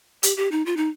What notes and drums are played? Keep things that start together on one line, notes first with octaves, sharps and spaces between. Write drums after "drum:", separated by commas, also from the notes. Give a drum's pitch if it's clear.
G4, drum: hi-hat
G4
D#4
F4
D#4